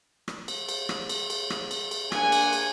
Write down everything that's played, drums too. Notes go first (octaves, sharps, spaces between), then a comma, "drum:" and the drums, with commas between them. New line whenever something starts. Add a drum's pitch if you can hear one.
drum: rim click
drum: cymbal
drum: cymbal
drum: rim click
drum: cymbal
drum: cymbal
drum: rim click
drum: cymbal
drum: cymbal
A#3 D4 G#4 F#5 G#5, drum: rim click
drum: cymbal
drum: cymbal